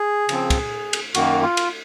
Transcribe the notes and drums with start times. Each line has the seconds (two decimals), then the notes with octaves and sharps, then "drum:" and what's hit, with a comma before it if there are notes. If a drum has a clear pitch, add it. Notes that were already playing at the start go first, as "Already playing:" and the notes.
Already playing: G#4
0.29 C#3 F3 C4, drum: cymbal
0.50 drum: kick, cymbal
0.93 drum: cymbal
1.14 F#2 D#3 A#3 F#4, drum: cymbal
1.43 F4
1.57 drum: cymbal